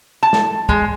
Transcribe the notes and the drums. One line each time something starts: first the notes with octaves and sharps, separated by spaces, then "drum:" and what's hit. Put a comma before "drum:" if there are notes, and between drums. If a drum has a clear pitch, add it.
A5
drum: snare
G#3, drum: kick